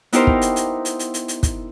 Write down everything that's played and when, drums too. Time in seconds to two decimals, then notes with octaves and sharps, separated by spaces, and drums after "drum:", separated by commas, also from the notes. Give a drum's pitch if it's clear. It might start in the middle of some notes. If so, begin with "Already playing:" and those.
0.13 B3 D#4 E4 G4 A#4 C5, drum: hi-hat
0.27 drum: kick
0.42 drum: hi-hat
0.56 drum: hi-hat
0.85 drum: hi-hat
0.99 drum: hi-hat
1.14 drum: hi-hat
1.28 drum: hi-hat
1.43 drum: kick, hi-hat